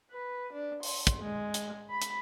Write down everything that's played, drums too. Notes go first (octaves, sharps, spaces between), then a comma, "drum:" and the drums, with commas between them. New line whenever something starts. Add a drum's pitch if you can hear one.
B4
D4
C6, drum: open hi-hat
drum: kick, hi-hat
G#3
drum: hi-hat
B5
drum: hi-hat